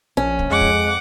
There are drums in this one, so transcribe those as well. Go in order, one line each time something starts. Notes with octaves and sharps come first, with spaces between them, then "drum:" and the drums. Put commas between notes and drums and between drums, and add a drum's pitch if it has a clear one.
A#1 C#4
drum: kick
F2 G#3 F#5 D6
drum: kick